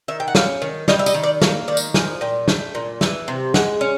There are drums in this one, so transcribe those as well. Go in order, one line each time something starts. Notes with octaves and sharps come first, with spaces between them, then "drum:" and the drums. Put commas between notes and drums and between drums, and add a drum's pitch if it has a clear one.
D#3 E5
G5
F#5
C#4 F5, drum: snare
D#3
G3 D#5, drum: snare
E5
D#5, drum: tambourine
D#3
D5
A#3 C#5, drum: snare
D#3 D5
drum: tambourine
F3 G#5, drum: snare
A#2 G5
A3 G5, drum: snare
A#2
E3, drum: snare
C3
G#3 F#5, drum: snare
C#4